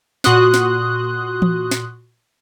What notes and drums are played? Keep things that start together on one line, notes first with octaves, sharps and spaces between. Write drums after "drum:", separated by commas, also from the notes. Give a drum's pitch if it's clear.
A#2 F#4 C6 D#6 F#6, drum: snare
drum: snare
drum: tom E3
drum: snare